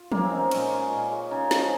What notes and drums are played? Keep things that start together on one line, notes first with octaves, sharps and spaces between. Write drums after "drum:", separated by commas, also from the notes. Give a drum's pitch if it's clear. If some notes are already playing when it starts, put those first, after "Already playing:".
Already playing: F4
C#3 A#3, drum: tom
C4
G#3
D#4
A#2 C#4, drum: cymbal
G#3
A#2
G#3
C#3 D#4
F3 G#3, drum: snare